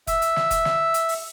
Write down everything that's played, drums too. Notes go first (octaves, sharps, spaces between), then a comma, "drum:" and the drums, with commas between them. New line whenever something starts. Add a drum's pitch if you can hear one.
E5, drum: kick F1, hi-hat
drum: hi-hat
drum: snare
drum: kick F1, hi-hat
drum: snare
drum: hi-hat
drum: open hi-hat